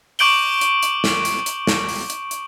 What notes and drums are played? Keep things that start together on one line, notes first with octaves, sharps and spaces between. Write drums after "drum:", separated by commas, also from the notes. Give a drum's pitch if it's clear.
C#6 D6 G6 D7 F#7 G7, drum: open hi-hat
drum: hi-hat
drum: hi-hat
drum: snare
drum: hi-hat
drum: hi-hat
drum: snare
drum: open hi-hat
drum: hi-hat
drum: hi-hat